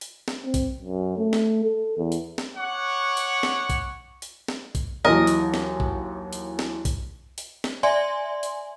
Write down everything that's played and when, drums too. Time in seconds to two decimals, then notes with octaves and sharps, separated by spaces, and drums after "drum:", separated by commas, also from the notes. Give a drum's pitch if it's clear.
0.01 drum: hi-hat
0.28 drum: snare
0.44 C4
0.54 drum: kick B1, hi-hat
0.80 F#2
1.18 A3
1.33 drum: snare
1.64 A4
1.98 E2
2.12 drum: hi-hat
2.38 drum: snare
2.58 C#5 F#5 C#6 D6
3.17 drum: hi-hat
3.43 drum: snare
3.70 drum: kick B1, hi-hat
4.22 drum: hi-hat
4.48 drum: snare
4.75 drum: kick B1, hi-hat
5.05 D#2 E3 F#3 A#4 D#5
5.27 drum: hi-hat
5.54 drum: snare
5.80 drum: kick B1
6.33 drum: hi-hat
6.59 drum: snare
6.85 drum: kick B1, hi-hat
7.38 drum: hi-hat
7.64 drum: snare
7.83 D5 E5 G#5 C6
8.43 drum: hi-hat